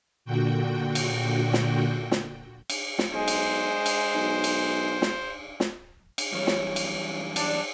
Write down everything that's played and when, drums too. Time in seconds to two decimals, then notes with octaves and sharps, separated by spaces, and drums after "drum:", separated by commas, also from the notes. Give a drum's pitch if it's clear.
0.25 A#2 D3 F#4 G5
0.95 drum: cymbal
1.53 drum: snare
2.11 drum: snare
2.70 drum: cymbal
2.99 drum: snare
3.13 B1 G#3 C5
3.28 drum: cymbal
3.86 drum: cymbal
4.15 B1
4.44 drum: cymbal
5.02 drum: snare
5.60 drum: snare
6.18 drum: cymbal
6.32 F#2 E3 G3 C#4 C#5 F5
6.47 drum: snare
6.76 drum: cymbal
7.36 D4, drum: cymbal